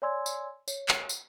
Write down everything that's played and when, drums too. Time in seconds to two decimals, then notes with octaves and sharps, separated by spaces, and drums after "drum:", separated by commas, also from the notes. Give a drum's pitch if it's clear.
0.02 C#5 D5 G#5 C6 E6 G#6
0.26 drum: tambourine
0.68 C#5, drum: tambourine
0.88 drum: clap
1.09 drum: tambourine